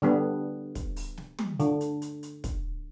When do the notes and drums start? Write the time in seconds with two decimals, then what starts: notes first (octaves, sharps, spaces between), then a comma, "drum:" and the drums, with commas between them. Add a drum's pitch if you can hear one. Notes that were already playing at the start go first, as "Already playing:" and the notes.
0.02 D3 G3 B3
0.75 drum: kick, hi-hat
0.96 drum: open hi-hat
1.17 drum: snare
1.39 drum: tom
1.60 D3, drum: hi-hat
1.81 drum: hi-hat
2.02 drum: hi-hat
2.23 drum: hi-hat
2.44 drum: kick, hi-hat